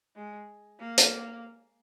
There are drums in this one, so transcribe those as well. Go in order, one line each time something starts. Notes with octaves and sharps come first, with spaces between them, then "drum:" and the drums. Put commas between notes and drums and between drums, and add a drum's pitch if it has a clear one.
G#3
A#3
drum: hi-hat